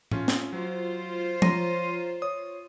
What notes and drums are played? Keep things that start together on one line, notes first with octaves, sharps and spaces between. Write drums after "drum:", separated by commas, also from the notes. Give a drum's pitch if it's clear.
A3 C#4 F4, drum: tom A2
drum: snare
F#3 F4 C5
F3 C#5 A#5 C6 A#6 D#7, drum: tom F3
C#5 D#6